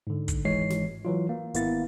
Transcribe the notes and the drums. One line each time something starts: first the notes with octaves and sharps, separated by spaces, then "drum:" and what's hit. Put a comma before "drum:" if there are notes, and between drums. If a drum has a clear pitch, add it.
G#2 D3
drum: kick, hi-hat
G#1 G#2 E3 G#3 C#5 C7
drum: snare
E3 F#3 F4
A#3
G#1 A#3 B3 E4 A6, drum: hi-hat